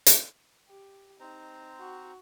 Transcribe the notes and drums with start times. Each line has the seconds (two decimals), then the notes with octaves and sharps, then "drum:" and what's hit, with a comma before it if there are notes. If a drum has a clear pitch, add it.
0.06 drum: hi-hat
0.69 G4
1.20 C4 D#4 C5 A#5
1.80 F#4